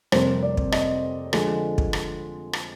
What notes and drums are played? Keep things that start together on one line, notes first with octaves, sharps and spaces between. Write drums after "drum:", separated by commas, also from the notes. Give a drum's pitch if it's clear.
F2 C3 G3 A#3 C5, drum: rim click
D5
drum: kick
D#5, drum: rim click
D3 F3 G#3, drum: rim click
drum: kick
drum: rim click
drum: rim click